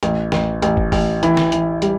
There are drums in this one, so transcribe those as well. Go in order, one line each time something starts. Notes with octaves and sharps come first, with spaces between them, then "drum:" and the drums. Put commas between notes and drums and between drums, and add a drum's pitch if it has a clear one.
A1, drum: hi-hat
A1, drum: snare
A1, drum: hi-hat
drum: kick
A1, drum: kick, open hi-hat
E3, drum: hi-hat
drum: snare
E3, drum: hi-hat
G3, drum: hi-hat